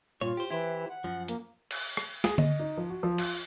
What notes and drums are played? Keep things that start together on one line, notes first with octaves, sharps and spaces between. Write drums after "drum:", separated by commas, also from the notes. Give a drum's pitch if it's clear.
G2 A#2 F4 C#5
G4 C5
E3 E4 G4 C5
F#5
F#2 F3
A#3, drum: hi-hat
drum: cymbal
drum: rim click
G#4, drum: snare
D#5, drum: tom D3
D#4
F3
F#4
F3
F4, drum: cymbal